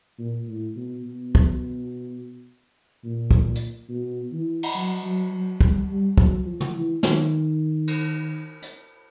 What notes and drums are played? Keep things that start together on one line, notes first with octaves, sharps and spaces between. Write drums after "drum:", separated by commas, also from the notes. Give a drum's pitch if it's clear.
A#2
A2
B2
B2
drum: kick
A#2
drum: kick
drum: hi-hat
B2
E3
drum: cymbal
F#3
F#3
F#3
G3, drum: kick
G3
F#3, drum: kick
F3
drum: tom
E3
D#3, drum: snare
drum: cymbal
drum: hi-hat